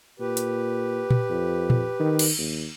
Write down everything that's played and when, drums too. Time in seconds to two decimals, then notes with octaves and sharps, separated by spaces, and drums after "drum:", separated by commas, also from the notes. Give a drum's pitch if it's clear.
0.20 A#2 G4 B4
0.37 drum: hi-hat
1.11 drum: tom A#2
1.30 F2
1.70 drum: tom A#2
2.00 D#3
2.19 drum: cymbal
2.38 D#2